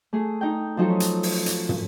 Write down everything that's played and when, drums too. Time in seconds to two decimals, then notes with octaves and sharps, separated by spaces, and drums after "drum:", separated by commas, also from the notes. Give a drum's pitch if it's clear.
0.13 A3 G#4
0.41 D#4 G5
0.77 F3 F#3 D#4 A4 A5
0.90 C#4
1.00 drum: hi-hat
1.23 drum: open hi-hat
1.46 drum: hi-hat
1.69 drum: tom